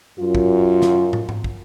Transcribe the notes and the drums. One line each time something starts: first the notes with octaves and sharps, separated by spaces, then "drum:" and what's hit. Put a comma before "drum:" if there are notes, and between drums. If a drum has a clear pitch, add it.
F#2 F4
drum: kick
drum: snare
drum: tom
drum: tom G#2
drum: kick